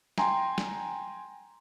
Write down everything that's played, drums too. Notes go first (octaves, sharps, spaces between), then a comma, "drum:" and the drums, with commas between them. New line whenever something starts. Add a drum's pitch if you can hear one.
G5 G#5 A#5 C6, drum: snare
drum: snare